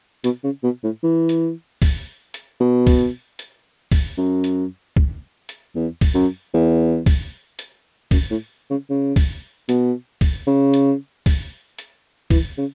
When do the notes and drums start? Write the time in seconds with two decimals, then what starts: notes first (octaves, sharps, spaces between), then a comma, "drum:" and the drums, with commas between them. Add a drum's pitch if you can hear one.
0.24 B2, drum: hi-hat
0.44 C#3
0.63 B2
0.84 A2
1.03 E3
1.29 drum: hi-hat
1.82 drum: kick, open hi-hat
2.34 drum: hi-hat
2.60 B2
2.87 drum: kick, open hi-hat
3.39 drum: hi-hat
3.92 drum: kick, open hi-hat
4.17 F#2
4.44 drum: hi-hat
4.96 drum: kick
5.49 drum: hi-hat
5.75 E2
6.01 drum: kick, open hi-hat
6.15 F#2
6.54 E2
7.06 drum: kick, open hi-hat
7.59 drum: hi-hat
8.11 F#2, drum: kick, open hi-hat
8.30 A2
8.70 C#3
8.90 C#3
9.16 drum: kick, open hi-hat
9.69 B2, drum: hi-hat
10.21 drum: kick, open hi-hat
10.47 C#3
10.74 drum: hi-hat
11.26 drum: kick, open hi-hat
11.79 drum: hi-hat
12.30 E3, drum: kick, open hi-hat
12.58 C#3